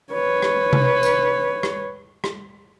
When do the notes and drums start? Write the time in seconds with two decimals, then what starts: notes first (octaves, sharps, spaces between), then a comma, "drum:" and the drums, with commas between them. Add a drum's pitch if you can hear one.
0.12 B4 C#5
0.42 drum: rim click
0.73 drum: tom C3
1.03 drum: tambourine
1.63 drum: rim click
2.24 drum: rim click